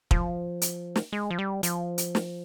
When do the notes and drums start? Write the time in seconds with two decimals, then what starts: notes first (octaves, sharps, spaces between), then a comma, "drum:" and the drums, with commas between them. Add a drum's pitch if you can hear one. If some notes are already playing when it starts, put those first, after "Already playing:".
0.11 F3, drum: kick
0.62 drum: hi-hat
0.96 drum: snare
1.13 G#3
1.30 F3
1.39 G3
1.63 F3, drum: hi-hat
1.98 drum: hi-hat
2.15 drum: snare